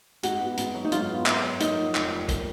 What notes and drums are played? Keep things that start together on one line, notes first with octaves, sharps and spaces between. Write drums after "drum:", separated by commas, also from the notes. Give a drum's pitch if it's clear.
G#2 F#4, drum: hi-hat
B3
G#2, drum: hi-hat
F#3
D#4
G#2 F4, drum: hi-hat
B3
G#2, drum: clap
F#3
A#3 D#4, drum: hi-hat
F3
F1, drum: clap
F2
A#3, drum: kick, hi-hat